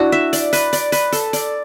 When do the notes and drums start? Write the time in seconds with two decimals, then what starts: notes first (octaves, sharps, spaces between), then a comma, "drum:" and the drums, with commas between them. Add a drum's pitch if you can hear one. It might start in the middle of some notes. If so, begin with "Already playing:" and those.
Already playing: D4 E4 F#4
0.12 E5
0.33 D5, drum: hi-hat
0.53 B4, drum: hi-hat
0.73 D5, drum: hi-hat
0.92 B4, drum: hi-hat
1.12 A4, drum: hi-hat
1.33 D5, drum: hi-hat